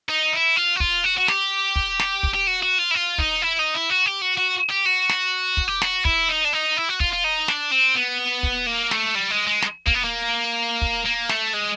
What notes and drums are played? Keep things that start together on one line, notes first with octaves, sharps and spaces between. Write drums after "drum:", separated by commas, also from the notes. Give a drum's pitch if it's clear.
D#4
E4
F4
F#4
F4, drum: kick
F#4
F#4
G4, drum: snare
drum: kick
drum: snare
drum: kick
G4
F#4
F#4
F4
E4
F4
D#4, drum: kick
E4
D#4
E4
F#4
G4
F#4
F#4
G4
F#4
drum: snare
drum: kick
G4
F#4, drum: snare
E4, drum: kick
D#4
D4
D#4
E4
F#4
F4, drum: kick
F4
D#4
D4, drum: snare
C4
B3
drum: kick
A#3
A3, drum: snare
G3
G#3
G#3
drum: snare
A#3, drum: kick
B3
A#3
drum: kick
A#3
A3, drum: snare
G#3